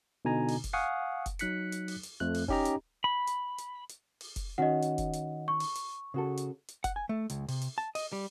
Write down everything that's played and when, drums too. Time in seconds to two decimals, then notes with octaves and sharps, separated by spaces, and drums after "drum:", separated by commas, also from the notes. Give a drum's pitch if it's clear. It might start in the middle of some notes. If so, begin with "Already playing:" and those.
0.25 B2 D3 D#4 G#5 A#5
0.48 drum: open hi-hat
0.64 drum: kick F1, hi-hat
0.73 F5 F#5 G#5 C#6 D#6
1.26 drum: kick F1, hi-hat
1.39 F#3 D#4 F#6 B6 C#7, drum: hi-hat
1.72 drum: hi-hat
1.88 drum: open hi-hat
2.03 drum: hi-hat
2.20 F2 F3 A3 F#6
2.34 drum: open hi-hat
2.48 C#4 D#4 G4 D#5 A#5, drum: kick F1
2.66 drum: hi-hat
3.04 B5
3.28 drum: hi-hat
3.59 drum: hi-hat
3.90 drum: hi-hat
4.21 drum: open hi-hat
4.36 drum: kick F1, hi-hat
4.58 D#3 C#4 F#4 D#5 F#5
4.83 drum: hi-hat
4.98 drum: kick F1, hi-hat
5.14 drum: hi-hat
5.48 C#6
5.60 drum: open hi-hat
5.76 drum: hi-hat
6.14 C#3 F#4 A4
6.38 drum: hi-hat
6.69 drum: hi-hat
6.84 F#5, drum: kick F1, hi-hat
6.96 G#5
7.09 A3
7.30 C#2, drum: hi-hat
7.48 C3, drum: open hi-hat
7.62 drum: hi-hat
7.78 A5
7.95 D#5, drum: open hi-hat
8.13 G3